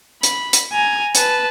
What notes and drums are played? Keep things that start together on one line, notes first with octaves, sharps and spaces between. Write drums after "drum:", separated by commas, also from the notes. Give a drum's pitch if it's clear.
B5, drum: hi-hat
drum: hi-hat
G#5 A#5
B4 A5, drum: hi-hat